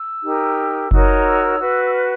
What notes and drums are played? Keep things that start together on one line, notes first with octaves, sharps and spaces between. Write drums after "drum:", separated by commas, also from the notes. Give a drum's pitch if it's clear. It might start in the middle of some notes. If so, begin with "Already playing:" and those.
Already playing: E6
D#4 G4 A#4
D#4 F#4 A#4 C#5, drum: kick F#1
E6
F#4 B4
E6
F6